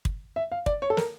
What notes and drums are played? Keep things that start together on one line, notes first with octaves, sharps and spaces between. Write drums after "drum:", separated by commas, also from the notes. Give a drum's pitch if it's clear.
drum: kick
E5
F5
D5, drum: kick
C#5
A4
A#4, drum: snare